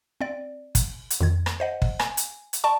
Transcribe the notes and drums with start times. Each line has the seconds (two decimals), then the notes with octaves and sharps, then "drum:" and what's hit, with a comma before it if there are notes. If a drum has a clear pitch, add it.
0.21 C4 D5
0.75 drum: kick, hi-hat
1.10 drum: hi-hat
1.21 F2 D#3 G#6
1.46 drum: rim click
1.60 C5 D#5 F#5
1.82 drum: kick
1.99 G#5, drum: rim click
2.17 drum: hi-hat
2.53 drum: hi-hat
2.64 D5 A5 C#6